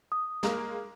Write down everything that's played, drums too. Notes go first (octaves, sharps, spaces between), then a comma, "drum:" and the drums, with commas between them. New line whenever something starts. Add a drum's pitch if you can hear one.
D#6
G#3 A#3 A#4, drum: snare